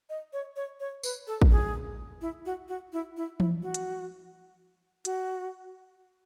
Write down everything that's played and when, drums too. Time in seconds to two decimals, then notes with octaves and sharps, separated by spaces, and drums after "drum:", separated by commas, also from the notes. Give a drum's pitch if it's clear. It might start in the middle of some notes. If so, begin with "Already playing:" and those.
0.10 D#5
0.33 C#5
0.56 C#5
0.80 C#5
1.03 B4, drum: tambourine
1.27 A4
1.42 drum: kick
1.51 G#4
2.21 E4
2.46 F#4
2.68 F#4
2.93 E4
3.17 E4
3.40 E4, drum: tom E3
3.63 F#4
3.74 drum: hi-hat
5.05 F#4, drum: hi-hat